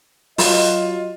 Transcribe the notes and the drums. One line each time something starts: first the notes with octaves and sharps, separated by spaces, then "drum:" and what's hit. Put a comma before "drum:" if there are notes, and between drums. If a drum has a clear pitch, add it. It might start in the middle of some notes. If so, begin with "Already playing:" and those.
F#3 F4 D#5, drum: open hi-hat